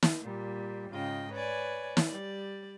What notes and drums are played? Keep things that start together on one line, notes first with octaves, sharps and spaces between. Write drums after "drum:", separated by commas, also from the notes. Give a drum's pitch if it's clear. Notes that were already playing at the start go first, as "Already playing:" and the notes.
drum: snare
A#2 G3
G#2 C#3 F4 D#5 G5
B4 C#5 D5 G#5
drum: snare
G3 D5